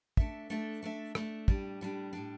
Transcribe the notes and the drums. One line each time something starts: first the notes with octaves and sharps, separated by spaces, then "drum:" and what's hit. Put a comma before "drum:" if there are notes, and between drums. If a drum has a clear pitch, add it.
A3 D4 A4 E5, drum: kick
A3 D4 A4 E5
A3 D4 A4 E5
A3 D4 A4 E5, drum: rim click
A2 G3 D4, drum: kick
A2 G3 D4
A2 G3 D4